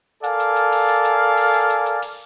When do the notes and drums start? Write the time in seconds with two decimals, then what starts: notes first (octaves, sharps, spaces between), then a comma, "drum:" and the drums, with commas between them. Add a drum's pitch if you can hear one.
0.24 A4 A#4 D5 F5 G#5, drum: hi-hat
0.40 drum: hi-hat
0.56 drum: hi-hat
0.72 drum: open hi-hat
0.89 drum: hi-hat
1.05 drum: hi-hat
1.37 drum: open hi-hat
1.54 drum: hi-hat
1.70 drum: hi-hat
1.86 drum: hi-hat
2.02 drum: open hi-hat